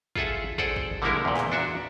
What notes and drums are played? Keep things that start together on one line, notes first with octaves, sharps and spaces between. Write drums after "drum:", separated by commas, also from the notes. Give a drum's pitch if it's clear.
F4 G#4 A4 E5 F#5, drum: kick
G#4 A4 C5 D5 F#5, drum: kick
drum: kick
D3 G3 G#3 A#3 E4 A#4
E2 A#2
drum: clap
D4 F#4 E5